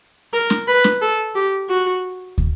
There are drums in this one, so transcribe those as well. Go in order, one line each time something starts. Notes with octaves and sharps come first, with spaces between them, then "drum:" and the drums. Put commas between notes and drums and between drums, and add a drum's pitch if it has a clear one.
A#4
drum: snare
B4
drum: snare
A4
G4
F#4
drum: kick